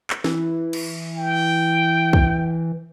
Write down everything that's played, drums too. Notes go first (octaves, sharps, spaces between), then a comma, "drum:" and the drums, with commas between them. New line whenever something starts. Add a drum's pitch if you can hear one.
drum: clap
E3, drum: snare
drum: cymbal
G5
drum: kick